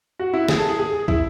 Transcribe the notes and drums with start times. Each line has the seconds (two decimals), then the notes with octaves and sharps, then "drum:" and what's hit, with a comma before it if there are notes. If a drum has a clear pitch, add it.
0.19 F#4
0.33 E4
0.48 G#4, drum: snare
0.58 A4
0.69 G#4
0.79 G#4
0.94 G#4
1.08 E4, drum: kick